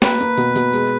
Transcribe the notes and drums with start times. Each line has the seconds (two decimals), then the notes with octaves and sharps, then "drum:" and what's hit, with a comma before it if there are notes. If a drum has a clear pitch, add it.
0.02 A#3 B4, drum: snare
0.21 A#3, drum: tambourine
0.38 B2, drum: tambourine
0.56 B2, drum: tambourine
0.73 G#3, drum: tambourine